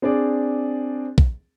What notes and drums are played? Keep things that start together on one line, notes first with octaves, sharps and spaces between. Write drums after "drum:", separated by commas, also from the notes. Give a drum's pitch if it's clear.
C4 D4 G#4 D5
drum: kick